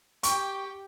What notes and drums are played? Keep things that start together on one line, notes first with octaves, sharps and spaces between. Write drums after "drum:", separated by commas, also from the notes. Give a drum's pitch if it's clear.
G4 G5 C#6, drum: hi-hat